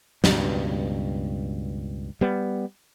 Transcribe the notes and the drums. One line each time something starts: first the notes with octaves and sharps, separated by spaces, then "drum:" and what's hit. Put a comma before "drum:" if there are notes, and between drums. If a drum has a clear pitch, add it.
C#2 G2 B2, drum: snare
G3 B3